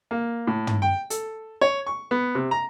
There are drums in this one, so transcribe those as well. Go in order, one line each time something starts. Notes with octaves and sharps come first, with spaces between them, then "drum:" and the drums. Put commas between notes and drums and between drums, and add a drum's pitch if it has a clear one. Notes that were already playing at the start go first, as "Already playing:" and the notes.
A#3
A2
drum: tom
G5
A4, drum: hi-hat
C#5
C#6
B3
C3
A#5